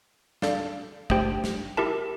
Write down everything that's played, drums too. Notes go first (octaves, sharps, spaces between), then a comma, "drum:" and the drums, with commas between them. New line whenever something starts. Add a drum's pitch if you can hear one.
D4 A4 D5 F5, drum: snare
A3 D4 G4 C5 G5, drum: kick
drum: snare
E4 G4 A#4 E5 A5